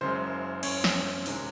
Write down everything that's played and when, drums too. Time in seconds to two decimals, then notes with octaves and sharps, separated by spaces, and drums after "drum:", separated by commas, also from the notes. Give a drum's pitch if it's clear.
0.01 F#1 F#2 C#3 G#3 C5
0.63 C#4 C#5, drum: cymbal
0.84 drum: snare
1.26 E1 C3 D#3 G#3, drum: open hi-hat